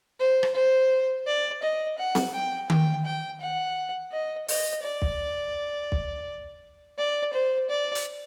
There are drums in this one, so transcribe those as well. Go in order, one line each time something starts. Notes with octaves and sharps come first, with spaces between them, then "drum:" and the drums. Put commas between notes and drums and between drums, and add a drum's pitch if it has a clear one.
C5
drum: rim click
C5
D5
D#5
F#5
drum: snare C4
G5
G5, drum: tom D#3
G5
F#5
D#5
D#5, drum: open hi-hat
D5
drum: kick
drum: kick
D5
C5
D5
drum: hi-hat